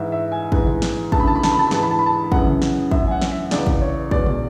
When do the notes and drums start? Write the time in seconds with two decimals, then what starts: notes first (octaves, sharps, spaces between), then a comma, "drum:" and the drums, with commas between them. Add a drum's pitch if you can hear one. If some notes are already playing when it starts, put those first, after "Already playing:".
Already playing: G#2 E3 E5
0.12 E5
0.32 G#5
0.52 G#2 E3, drum: kick
0.67 drum: tom
0.82 drum: snare
1.12 D2 C#3 E3 A5, drum: kick
1.20 B5
1.27 A5
1.36 B5
1.43 A5, drum: snare
1.51 B5
1.59 A5
1.67 B5
1.71 G#2 E3 A5, drum: snare
1.83 B5
1.91 A5
1.99 B5
2.06 A5
2.32 F#2 C#3 E3 F#5, drum: kick
2.47 drum: tom
2.62 drum: snare
2.91 F#2 E3 E5, drum: kick
3.07 G#5
3.11 F#5
3.21 drum: snare
3.32 E5
3.51 C#2 C#3 E3 D5, drum: snare
3.66 drum: kick
3.82 C#5
4.11 E2 B2 D5, drum: kick
4.26 drum: tom